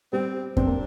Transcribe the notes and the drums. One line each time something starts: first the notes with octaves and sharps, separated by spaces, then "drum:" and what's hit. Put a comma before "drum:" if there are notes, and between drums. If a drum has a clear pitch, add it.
G3 C4
C4 D4, drum: kick F2
A#3